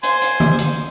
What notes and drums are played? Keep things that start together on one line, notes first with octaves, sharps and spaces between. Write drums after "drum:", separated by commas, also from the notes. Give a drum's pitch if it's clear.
C5 G#5, drum: hi-hat
drum: hi-hat
drum: tom D3
drum: hi-hat